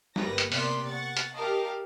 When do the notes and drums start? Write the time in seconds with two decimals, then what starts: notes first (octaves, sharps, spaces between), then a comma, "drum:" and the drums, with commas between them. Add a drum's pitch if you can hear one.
0.16 G1 G3 A#3 B4 A#6, drum: snare
0.38 drum: hi-hat
0.52 C3 A#3 B3 D5 C6 B6, drum: open hi-hat
0.87 F#5 C#6 A6
1.17 drum: hi-hat
1.34 G4 A#4 D#5 F5 A5